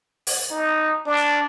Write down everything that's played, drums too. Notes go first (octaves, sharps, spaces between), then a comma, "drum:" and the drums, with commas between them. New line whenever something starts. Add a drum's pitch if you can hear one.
drum: open hi-hat
D#4
D4